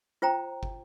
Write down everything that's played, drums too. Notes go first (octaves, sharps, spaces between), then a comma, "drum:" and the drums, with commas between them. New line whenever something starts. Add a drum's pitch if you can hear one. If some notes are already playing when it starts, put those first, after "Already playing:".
F4 C5 G5 A#5
drum: kick